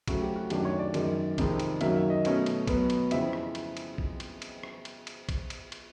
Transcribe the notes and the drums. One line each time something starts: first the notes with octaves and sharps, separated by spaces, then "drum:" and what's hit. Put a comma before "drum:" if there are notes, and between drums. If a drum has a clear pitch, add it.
C#3 F#3 A3 C4 F#4, drum: kick, cymbal
G4
F#4
F#2 D#3 F#3 A3 D4 G4, drum: cymbal
C#5
D5
F#2 D#3 G#3, drum: cymbal
F2 C3 D#3 G#3, drum: kick, cymbal
drum: cymbal
F#2 D#3 F#3 A#3 E5, drum: cymbal
E5
D#5
B2 F#3 A3 C#4, drum: cymbal
drum: cymbal
B2 F#3 B3, drum: kick, cymbal
drum: cymbal
F2 C#3 E3 G#3 C4 E5, drum: cymbal
drum: rim click
drum: cymbal
drum: cymbal
drum: kick
drum: cymbal
drum: cymbal
drum: rim click
drum: cymbal
drum: cymbal
drum: kick, cymbal
drum: cymbal
drum: cymbal